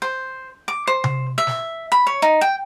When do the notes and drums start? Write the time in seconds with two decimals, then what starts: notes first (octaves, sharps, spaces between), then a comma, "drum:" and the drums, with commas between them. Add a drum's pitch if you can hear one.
0.02 C5
0.68 D6
0.87 C5
1.04 drum: tom C3
1.38 E5
1.47 drum: snare
1.92 B5
2.07 C#5
2.22 D#4
2.41 G5